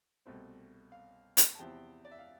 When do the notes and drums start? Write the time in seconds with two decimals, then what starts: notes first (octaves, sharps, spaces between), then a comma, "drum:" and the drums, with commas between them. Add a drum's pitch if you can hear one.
0.26 C2 B2 A3 C4
0.92 F5
1.37 drum: hi-hat
1.55 A5
1.59 E2 C3 F3 C4 E4 G5
2.05 D5
2.12 E5
2.19 F5